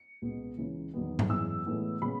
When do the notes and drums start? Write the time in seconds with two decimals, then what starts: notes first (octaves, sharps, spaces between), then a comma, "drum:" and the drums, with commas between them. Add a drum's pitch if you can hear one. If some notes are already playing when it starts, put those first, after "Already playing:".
Already playing: C#7
0.22 C#2 B2 G#3 B3
0.58 C#2 C#3 E3
0.94 E2 D#3 F#3 B3
1.19 drum: tom G#2
1.29 F#2 E3 G#3 B3 E6
1.66 A2 E3 G#3 B3
2.02 C#3 G#3 B3 B5